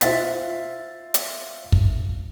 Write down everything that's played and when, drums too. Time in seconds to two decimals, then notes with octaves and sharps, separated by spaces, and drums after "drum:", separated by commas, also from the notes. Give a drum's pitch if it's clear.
0.01 F4 C5 E5 F5 A6 B6, drum: hi-hat
1.14 drum: hi-hat
1.72 drum: kick